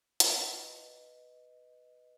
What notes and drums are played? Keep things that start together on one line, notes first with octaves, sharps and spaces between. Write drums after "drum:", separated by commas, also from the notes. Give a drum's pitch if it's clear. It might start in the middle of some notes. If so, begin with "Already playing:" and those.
B4 D#5, drum: hi-hat